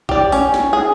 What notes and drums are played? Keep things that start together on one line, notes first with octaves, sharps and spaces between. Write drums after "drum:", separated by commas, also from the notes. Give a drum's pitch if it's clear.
G4 D5, drum: kick
C#4, drum: open hi-hat
drum: snare
G#4